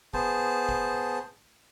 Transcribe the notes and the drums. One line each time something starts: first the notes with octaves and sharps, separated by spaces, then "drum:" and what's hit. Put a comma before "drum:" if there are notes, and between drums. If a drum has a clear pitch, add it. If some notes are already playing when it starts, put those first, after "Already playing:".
B3 G#4 C5 A5, drum: kick F1
drum: kick F1